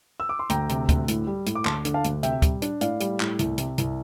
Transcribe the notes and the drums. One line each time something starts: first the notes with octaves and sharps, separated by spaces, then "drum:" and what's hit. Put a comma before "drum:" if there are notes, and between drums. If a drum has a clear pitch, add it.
E6
D6
C6
D2 G5 A#5, drum: hi-hat
C3, drum: hi-hat
D2, drum: kick, hi-hat
A2, drum: hi-hat
G3
A2, drum: hi-hat
D6
D2 A5 C6, drum: clap
D3, drum: hi-hat
F5 A5
D2, drum: hi-hat
C3 E5 G5, drum: hi-hat
G3, drum: kick, hi-hat
D4, drum: hi-hat
A2 D5 F5, drum: hi-hat
G3, drum: hi-hat
A2, drum: clap
C2, drum: hi-hat
C3, drum: hi-hat
C2, drum: hi-hat